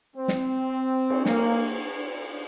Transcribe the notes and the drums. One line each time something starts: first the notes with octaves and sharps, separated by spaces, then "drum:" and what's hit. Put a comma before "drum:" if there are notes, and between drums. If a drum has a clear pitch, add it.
C4
drum: snare
drum: cymbal
A#3, drum: snare